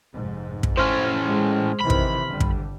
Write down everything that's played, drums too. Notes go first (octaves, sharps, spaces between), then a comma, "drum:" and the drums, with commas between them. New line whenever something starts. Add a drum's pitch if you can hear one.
F1 G#2
drum: kick
A2 C#4 C5 C6 F6
G#3
C3 D#3 E3 B5
drum: kick
G1 D3 G3
drum: kick